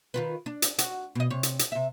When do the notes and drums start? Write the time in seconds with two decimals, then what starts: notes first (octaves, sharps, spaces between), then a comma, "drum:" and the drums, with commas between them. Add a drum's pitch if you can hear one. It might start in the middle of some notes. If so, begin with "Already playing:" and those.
0.14 D#3 F4 B4
0.46 D4
0.62 drum: hi-hat
0.78 F#4, drum: hi-hat
1.15 B2 D#5
1.30 C3 C#5
1.43 drum: hi-hat
1.59 drum: hi-hat
1.72 C3 E5